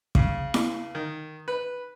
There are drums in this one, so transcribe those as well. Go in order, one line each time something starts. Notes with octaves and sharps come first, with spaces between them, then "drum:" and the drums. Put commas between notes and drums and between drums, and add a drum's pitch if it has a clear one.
C#3, drum: kick
drum: snare E4
D#3
B4